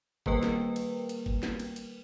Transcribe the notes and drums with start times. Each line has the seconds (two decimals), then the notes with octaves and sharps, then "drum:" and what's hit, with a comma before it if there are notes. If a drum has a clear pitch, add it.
0.26 D#3 G3 A#3 A#4 B4 G5, drum: kick
0.43 drum: snare
0.76 drum: cymbal
1.09 drum: cymbal
1.26 drum: kick
1.43 drum: snare
1.59 drum: cymbal
1.76 drum: cymbal